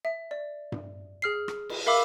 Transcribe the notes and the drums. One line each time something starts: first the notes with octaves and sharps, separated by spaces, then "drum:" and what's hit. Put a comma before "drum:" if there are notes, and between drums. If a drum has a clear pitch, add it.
E5
D5
drum: tom G2
G#4 F6 C7
drum: rim click
drum: cymbal
A#4 E5 F5 B5 D6 E6